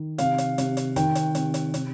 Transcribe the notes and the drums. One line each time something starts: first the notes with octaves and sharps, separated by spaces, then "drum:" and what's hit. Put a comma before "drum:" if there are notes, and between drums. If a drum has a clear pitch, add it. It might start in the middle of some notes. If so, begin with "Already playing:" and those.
Already playing: D#3
C3 F5, drum: hi-hat
drum: hi-hat
C3, drum: hi-hat
drum: hi-hat
D#3 G5, drum: hi-hat
drum: hi-hat
C3, drum: hi-hat
drum: hi-hat
C3, drum: hi-hat